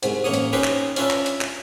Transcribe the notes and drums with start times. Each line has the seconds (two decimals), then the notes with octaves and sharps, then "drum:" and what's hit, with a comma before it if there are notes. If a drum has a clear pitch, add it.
0.03 C2 G#2, drum: hi-hat
0.24 A1 A#3 C#5 D#6
0.33 drum: hi-hat
0.53 C#4 D#4 G4 B4 C5
0.64 drum: clap
0.96 C#4 D4 F4 B4 E5 A5, drum: hi-hat
1.10 drum: clap
1.26 drum: hi-hat
1.41 drum: clap